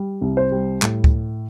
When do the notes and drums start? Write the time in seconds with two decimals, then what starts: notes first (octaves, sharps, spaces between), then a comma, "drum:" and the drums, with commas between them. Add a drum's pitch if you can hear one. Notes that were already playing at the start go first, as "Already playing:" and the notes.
Already playing: G3
0.22 C2
0.37 C5
0.52 G3
0.82 A2, drum: clap
1.04 drum: kick C#2